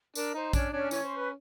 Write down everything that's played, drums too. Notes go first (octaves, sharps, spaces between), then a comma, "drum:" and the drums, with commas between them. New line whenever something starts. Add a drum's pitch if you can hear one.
D4 A#4, drum: tambourine
D#4 C5
C#4 D4 C#5, drum: kick A#1, tambourine
C#4 D4 C#5
E3 C#4 C#5, drum: tambourine
C5
B4